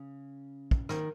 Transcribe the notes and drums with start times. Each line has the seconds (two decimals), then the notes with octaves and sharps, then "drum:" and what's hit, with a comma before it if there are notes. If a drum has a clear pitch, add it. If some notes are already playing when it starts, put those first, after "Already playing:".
Already playing: C#3
0.71 drum: kick
0.89 D#3, drum: rim click